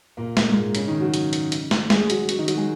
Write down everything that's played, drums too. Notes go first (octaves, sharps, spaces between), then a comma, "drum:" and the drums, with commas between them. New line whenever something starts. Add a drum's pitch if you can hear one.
A#2 A#3
A#2 A#3, drum: snare
G#2 G#3
C#3 C#4, drum: hi-hat
D#3 D#4
F#3 F#4
drum: hi-hat
drum: hi-hat
drum: hi-hat
drum: snare
G#3 G#4, drum: snare
F#3 F#4, drum: hi-hat
F#3 F#4, drum: hi-hat
D#3 D#4
F#3 F#4, drum: hi-hat
G#3 G#4